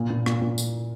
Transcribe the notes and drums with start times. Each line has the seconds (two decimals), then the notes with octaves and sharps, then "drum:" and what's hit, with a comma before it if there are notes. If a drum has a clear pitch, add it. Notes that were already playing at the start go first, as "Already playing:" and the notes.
Already playing: A#2
0.10 A#2
0.26 A#2, drum: rim click
0.42 A#2
0.58 drum: tambourine